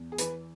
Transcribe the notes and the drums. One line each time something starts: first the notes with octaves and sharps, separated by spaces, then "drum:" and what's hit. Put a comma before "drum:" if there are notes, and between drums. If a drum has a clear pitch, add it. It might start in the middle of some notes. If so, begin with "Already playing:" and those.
Already playing: E2
G#4
E3 B4, drum: hi-hat